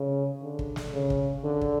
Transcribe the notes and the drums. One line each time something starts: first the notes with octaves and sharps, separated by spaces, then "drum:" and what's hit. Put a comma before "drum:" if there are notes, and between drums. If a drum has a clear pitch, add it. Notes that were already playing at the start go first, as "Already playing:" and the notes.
Already playing: C#3
D3
drum: kick
drum: snare
C#3
drum: kick
D3
drum: kick